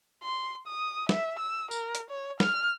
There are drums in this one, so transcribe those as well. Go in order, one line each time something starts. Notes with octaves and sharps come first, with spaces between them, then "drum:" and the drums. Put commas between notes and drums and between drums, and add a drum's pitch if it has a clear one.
C6
D#6
E5, drum: snare
E6
A#4, drum: tambourine
drum: hi-hat
C#5
F6, drum: snare